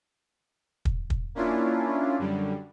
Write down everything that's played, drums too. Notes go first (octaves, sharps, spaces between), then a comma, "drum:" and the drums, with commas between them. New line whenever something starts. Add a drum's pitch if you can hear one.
drum: kick
drum: kick
A#3 C#4 D4 E4 F4
F#2 D3 G3